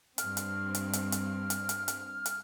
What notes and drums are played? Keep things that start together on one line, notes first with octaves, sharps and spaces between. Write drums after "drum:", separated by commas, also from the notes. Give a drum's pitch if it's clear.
G2 C4 F6, drum: hi-hat
drum: hi-hat
drum: hi-hat
drum: hi-hat
drum: hi-hat
drum: hi-hat
drum: hi-hat
drum: hi-hat
drum: hi-hat